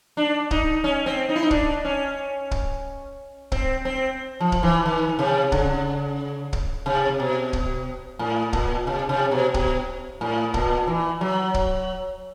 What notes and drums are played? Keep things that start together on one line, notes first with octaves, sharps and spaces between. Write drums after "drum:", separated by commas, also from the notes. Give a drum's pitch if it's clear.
D4
D#4, drum: kick
C#4
C4
D#4
E4
D#4
D4, drum: kick
C#4
drum: kick
C4, drum: kick
C4
F3
drum: kick
E3
D#3
C3
C#3, drum: kick
drum: kick
C3
B2
drum: kick
A2
A#2, drum: kick
C3
C3
B2
B2, drum: kick
A2
A#2, drum: kick
E3
F#3
drum: kick